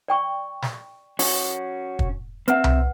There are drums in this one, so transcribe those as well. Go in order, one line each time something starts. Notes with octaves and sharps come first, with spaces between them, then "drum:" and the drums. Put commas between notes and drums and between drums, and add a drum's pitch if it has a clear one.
D5 G5 C#6
drum: snare
C#4 F#4, drum: open hi-hat
drum: kick
C4 B4 E5 F#5, drum: hi-hat
drum: tom C2